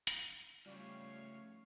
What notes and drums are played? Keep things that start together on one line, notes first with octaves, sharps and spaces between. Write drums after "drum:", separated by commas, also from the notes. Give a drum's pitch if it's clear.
drum: hi-hat
C#3 F3 G3 A3 C#5 F5